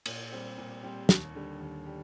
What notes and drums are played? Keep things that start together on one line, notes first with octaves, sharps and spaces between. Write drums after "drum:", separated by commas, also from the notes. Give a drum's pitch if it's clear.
A#2, drum: cymbal
G3 C4 G4 C5
A#2
G3 C4 G4 C5
D#2, drum: snare
D3 G3
D#2
G3